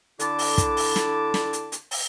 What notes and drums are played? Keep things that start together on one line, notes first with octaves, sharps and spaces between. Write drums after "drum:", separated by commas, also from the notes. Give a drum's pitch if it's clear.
D3 E4 A5 D6, drum: hi-hat
drum: open hi-hat
drum: kick, hi-hat
drum: open hi-hat
drum: snare
drum: snare
drum: hi-hat
drum: hi-hat
drum: open hi-hat